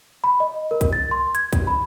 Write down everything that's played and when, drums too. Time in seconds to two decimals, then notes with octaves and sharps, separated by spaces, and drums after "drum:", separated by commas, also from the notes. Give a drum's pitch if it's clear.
0.24 B5
0.40 D#5
0.71 A#4
0.81 drum: kick B1, hi-hat
0.93 A6
1.11 C6
1.35 G#6, drum: hi-hat
1.53 drum: kick B1, hi-hat
1.67 B5